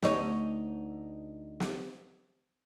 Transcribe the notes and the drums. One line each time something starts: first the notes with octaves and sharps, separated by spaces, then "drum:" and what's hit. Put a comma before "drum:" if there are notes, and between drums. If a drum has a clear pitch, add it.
D2 D#4 C#5, drum: snare
drum: snare